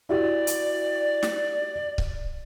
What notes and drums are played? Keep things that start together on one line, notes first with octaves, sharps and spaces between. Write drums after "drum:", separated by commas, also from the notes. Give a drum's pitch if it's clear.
E4 F#4 G4 D5
drum: hi-hat
drum: snare
drum: kick C#1